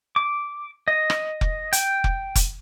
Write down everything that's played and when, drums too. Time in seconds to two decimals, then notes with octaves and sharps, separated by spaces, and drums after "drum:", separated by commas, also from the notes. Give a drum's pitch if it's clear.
0.16 D6
0.88 D#5
1.10 drum: rim click
1.41 drum: kick F1
1.73 G5, drum: hi-hat
2.04 drum: kick F1
2.35 drum: kick F1, hi-hat